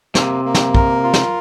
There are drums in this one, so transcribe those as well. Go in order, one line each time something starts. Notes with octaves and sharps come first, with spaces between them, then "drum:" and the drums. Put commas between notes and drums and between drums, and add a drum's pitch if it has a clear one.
C3 A#3, drum: snare
A#3
drum: snare
A#4, drum: kick
F4
drum: snare